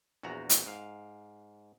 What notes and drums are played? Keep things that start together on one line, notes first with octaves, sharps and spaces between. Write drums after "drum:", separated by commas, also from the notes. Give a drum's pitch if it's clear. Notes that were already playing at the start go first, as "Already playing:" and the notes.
A#1 E2 F#4 F#5 A#5
drum: hi-hat
G#2 F5